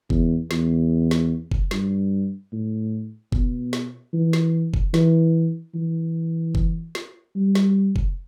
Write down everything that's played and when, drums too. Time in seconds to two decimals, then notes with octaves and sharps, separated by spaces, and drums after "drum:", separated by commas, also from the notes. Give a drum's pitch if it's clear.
0.10 E2, drum: kick F#1
0.51 E2, drum: snare
1.11 drum: snare
1.51 drum: kick F#1
1.71 G2, drum: snare
2.52 A2
3.32 B2, drum: kick F#1
3.73 drum: snare
4.13 E3
4.33 drum: snare
4.74 drum: kick F#1
4.94 E3, drum: snare
5.75 E3
6.55 drum: kick F#1
6.95 drum: snare
7.36 G3
7.55 drum: snare
7.96 drum: kick F#1